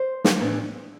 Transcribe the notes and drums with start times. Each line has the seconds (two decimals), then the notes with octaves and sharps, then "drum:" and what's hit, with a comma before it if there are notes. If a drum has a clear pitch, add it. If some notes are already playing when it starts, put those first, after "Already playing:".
Already playing: C5
0.24 drum: snare
0.40 A2 E3 B3 D4